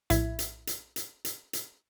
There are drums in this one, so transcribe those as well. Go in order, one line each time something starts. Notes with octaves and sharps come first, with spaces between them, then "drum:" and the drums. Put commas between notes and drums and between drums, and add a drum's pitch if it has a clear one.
A#1 A2 E4 E5 G#6, drum: hi-hat
drum: hi-hat
drum: hi-hat
drum: hi-hat
drum: hi-hat
drum: hi-hat